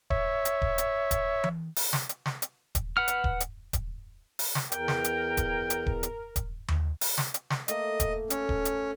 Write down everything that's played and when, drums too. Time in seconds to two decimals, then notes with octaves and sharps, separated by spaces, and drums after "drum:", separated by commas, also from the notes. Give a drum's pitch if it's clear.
0.10 C#5 E5, drum: kick D#1
0.45 drum: hi-hat
0.62 drum: kick D#1
0.78 drum: hi-hat
1.11 drum: kick D#1, hi-hat
1.44 drum: tom E3
1.76 drum: open hi-hat
1.93 drum: snare
2.09 drum: hi-hat
2.26 drum: snare
2.42 drum: hi-hat
2.75 drum: kick D#1, hi-hat
2.97 B4 F#5 F6
3.08 drum: hi-hat
3.24 drum: kick D#1
3.40 drum: hi-hat
3.73 drum: kick D#1, hi-hat
4.39 drum: open hi-hat
4.55 drum: snare
4.72 E2 A#4 G5, drum: hi-hat
4.88 drum: snare
5.04 drum: hi-hat
5.37 drum: kick D#1, hi-hat
5.70 drum: hi-hat
5.86 drum: kick D#1
6.03 drum: hi-hat
6.36 drum: kick D#1, hi-hat
6.68 drum: tom D#2
7.01 drum: open hi-hat
7.18 drum: snare
7.34 drum: hi-hat
7.50 drum: snare
7.68 A3 A#3 D#5, drum: hi-hat
8.00 drum: kick D#1, hi-hat
8.30 C#4 A4, drum: hi-hat
8.49 drum: kick D#1
8.65 drum: hi-hat